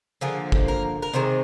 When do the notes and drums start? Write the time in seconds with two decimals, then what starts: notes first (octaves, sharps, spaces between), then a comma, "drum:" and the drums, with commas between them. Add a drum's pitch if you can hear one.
0.21 D3 F3 A#3 G#4
0.52 drum: kick
0.68 A#4
1.02 A#4
1.13 C3 D#3 G#3 C5